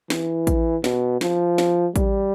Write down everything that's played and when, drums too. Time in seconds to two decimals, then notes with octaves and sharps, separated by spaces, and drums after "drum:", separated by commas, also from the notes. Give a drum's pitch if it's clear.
0.10 E3, drum: snare
0.47 drum: kick A1, hi-hat
0.84 B2, drum: snare
1.21 F3, drum: snare
1.58 drum: snare
1.96 G3, drum: kick A1, hi-hat